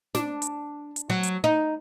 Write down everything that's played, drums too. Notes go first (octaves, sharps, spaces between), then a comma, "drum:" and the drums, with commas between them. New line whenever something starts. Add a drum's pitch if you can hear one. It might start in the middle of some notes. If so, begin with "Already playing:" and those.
D4, drum: snare
drum: hi-hat
drum: hi-hat
F#3
drum: hi-hat
D#4